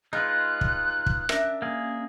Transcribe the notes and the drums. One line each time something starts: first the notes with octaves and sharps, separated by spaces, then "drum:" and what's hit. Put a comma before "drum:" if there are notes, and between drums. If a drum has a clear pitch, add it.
G#3 D#4 F4 B4 F#6
drum: kick
drum: kick
C#4 D4 A#4 E5, drum: rim click
A#3 G#4